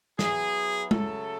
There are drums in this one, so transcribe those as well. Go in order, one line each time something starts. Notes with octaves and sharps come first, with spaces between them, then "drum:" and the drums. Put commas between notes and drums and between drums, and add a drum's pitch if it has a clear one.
F#3 B3 E4 G#4, drum: snare
C#3 F#3 A3 A4, drum: tom G#3